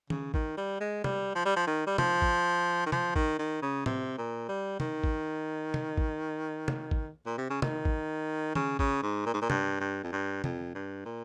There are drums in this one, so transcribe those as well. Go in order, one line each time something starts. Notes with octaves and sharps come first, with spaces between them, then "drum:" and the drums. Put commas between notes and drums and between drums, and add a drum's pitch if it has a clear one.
C#3, drum: tom D#3
D#3, drum: kick A1
G3
G#3
G3, drum: tom
F3
G3
F3
D#3
G3
F3, drum: tom
drum: kick A1
D#3
F3, drum: tom
D#3, drum: kick A1
D#3
C#3
C3, drum: tom A2
A#2
G3
D#3, drum: tom
drum: kick A1
drum: tom
drum: kick A1
drum: tom
drum: kick A1
A#2
C3
C#3
D#3, drum: tom
drum: kick A1
C#3, drum: tom D#3
C#3, drum: kick A1
G#2
A#2
G#2
A#2
G2, drum: tom
G2
F2
G2
F2, drum: tom
G2
A#2